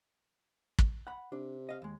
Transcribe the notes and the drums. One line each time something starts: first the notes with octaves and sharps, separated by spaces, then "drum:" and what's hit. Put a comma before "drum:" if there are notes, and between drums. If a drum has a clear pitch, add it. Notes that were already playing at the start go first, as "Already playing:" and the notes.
drum: kick
F#5 B5
C3 D4
D#5 F5
D#2 G#3